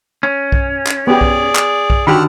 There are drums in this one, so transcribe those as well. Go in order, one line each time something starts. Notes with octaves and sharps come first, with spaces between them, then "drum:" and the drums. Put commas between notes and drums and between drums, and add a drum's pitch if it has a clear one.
C#4
drum: kick B1
drum: clap
B3 G4 G#4 D5
drum: kick B1
drum: clap
drum: kick B1
D3 D#3 F#4 G4 F#5 B5 E6 F6